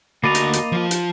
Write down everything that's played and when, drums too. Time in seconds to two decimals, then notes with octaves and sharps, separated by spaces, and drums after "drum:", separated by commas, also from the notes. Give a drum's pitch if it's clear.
0.23 D2 A#3 F#4 D#5 A#5 B5 D6 A6
0.35 drum: hi-hat
0.53 drum: hi-hat
0.72 F3 F4
0.91 drum: hi-hat